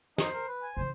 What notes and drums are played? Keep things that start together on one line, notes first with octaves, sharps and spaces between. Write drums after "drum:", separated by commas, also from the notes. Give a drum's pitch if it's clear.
D#4 C5, drum: snare
A#4
B4
G#5
C#3 E3 C5